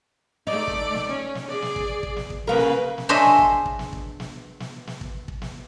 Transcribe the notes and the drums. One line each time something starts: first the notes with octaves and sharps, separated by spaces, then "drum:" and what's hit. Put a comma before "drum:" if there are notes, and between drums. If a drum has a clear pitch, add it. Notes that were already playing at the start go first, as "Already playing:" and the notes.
A3 D#4 D5
drum: kick
drum: snare
C#4
drum: snare
G#4 D5
drum: snare
drum: kick
drum: kick
drum: snare
drum: kick
C#3 A#3 A#4 B4
drum: snare
drum: snare
D4 G#4 C5 C#5 D#5 E5
drum: snare
drum: kick
drum: kick
drum: snare
drum: kick
drum: snare
drum: snare
drum: snare
drum: kick
drum: kick
drum: snare